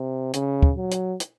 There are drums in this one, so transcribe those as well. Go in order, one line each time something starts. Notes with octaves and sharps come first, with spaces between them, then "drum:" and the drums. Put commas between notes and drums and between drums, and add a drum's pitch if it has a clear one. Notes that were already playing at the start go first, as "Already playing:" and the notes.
Already playing: C3
C#3, drum: hi-hat
drum: kick
F#3
drum: hi-hat
drum: hi-hat